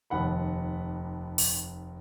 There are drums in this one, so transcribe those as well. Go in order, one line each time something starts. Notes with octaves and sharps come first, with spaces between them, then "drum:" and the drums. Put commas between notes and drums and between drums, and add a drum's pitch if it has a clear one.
F1 D#2 F#5 B5
drum: open hi-hat